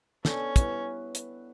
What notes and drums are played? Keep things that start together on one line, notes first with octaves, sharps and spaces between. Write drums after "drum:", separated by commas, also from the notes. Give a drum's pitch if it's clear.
B3 C#4 D4 A4, drum: snare
G3 B3 E4 B4, drum: kick, hi-hat
drum: hi-hat